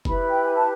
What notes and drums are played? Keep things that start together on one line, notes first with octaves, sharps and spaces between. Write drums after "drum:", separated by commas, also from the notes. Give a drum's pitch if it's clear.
E4 G4 B4 B5, drum: kick
G5
G#5
A5